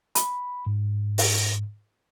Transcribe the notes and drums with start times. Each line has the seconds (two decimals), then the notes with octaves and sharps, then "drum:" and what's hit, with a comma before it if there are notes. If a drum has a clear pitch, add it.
0.15 B5, drum: hi-hat
0.66 G#2
1.18 drum: open hi-hat